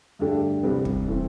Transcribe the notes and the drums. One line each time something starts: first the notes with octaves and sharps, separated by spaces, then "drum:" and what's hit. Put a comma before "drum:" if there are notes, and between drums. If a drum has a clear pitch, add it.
G2 D3 A3 D4 G4
C2 C3 G3 B3
drum: kick
A2 E3 A3 C4